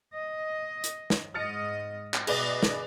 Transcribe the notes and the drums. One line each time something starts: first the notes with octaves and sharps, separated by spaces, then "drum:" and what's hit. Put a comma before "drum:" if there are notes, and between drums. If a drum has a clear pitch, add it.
D#5
drum: hi-hat
drum: snare
G#2 D#5 F6 A6 C#7
drum: clap
B2 G#4 B4 D5 D#5, drum: cymbal
drum: snare